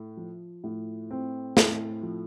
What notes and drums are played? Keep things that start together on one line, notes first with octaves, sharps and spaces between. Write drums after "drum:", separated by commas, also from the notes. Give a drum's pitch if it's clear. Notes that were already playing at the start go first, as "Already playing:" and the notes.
Already playing: A2
F3
A2
C4
A2, drum: snare
F3